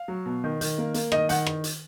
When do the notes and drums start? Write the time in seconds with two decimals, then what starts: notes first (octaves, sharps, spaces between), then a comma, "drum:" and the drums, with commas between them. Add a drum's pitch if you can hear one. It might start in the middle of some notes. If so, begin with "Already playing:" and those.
Already playing: F5
0.08 F#3
0.26 B2
0.44 D#3
0.61 D#3, drum: hi-hat
0.78 A#3
0.94 A#3, drum: hi-hat
1.12 D#3 D#5, drum: rim click
1.29 D#3 F#5, drum: hi-hat
1.47 drum: rim click
1.64 drum: hi-hat